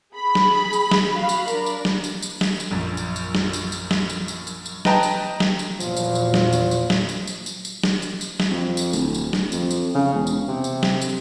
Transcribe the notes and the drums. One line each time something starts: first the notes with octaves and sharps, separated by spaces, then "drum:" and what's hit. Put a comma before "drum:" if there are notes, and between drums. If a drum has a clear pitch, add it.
G#4 B5
drum: snare
drum: tambourine
drum: snare
F#4 F5 B5
drum: tambourine
D4 A#4, drum: tambourine
drum: tambourine
drum: snare
drum: tambourine
drum: tambourine
drum: snare
drum: tambourine
A#1 F#2
drum: tambourine
drum: tambourine
drum: snare
drum: tambourine
drum: tambourine
drum: snare
drum: tambourine
drum: tambourine
drum: tambourine
drum: tambourine
B4 D#5 G5 A5 A#5, drum: snare
drum: tambourine
drum: snare
drum: tambourine
E2 A#2 F3 F#3, drum: tambourine
drum: tambourine
drum: tambourine
drum: snare
drum: tambourine
drum: tambourine
drum: snare
drum: tambourine
drum: tambourine
drum: tambourine
drum: tambourine
drum: snare
drum: tambourine
drum: tambourine
drum: snare
F2
drum: tambourine
D1, drum: tambourine
drum: tambourine
drum: snare
F2, drum: tambourine
drum: tambourine
C#3
E1
drum: tambourine
C3
drum: tambourine
drum: snare
drum: tambourine